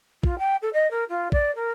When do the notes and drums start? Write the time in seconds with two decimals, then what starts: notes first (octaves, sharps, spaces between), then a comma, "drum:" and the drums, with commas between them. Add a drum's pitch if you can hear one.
0.23 F4, drum: kick
0.39 G5
0.62 A4
0.74 D#5
0.91 A#4
1.09 F4
1.32 D5, drum: kick
1.55 A#4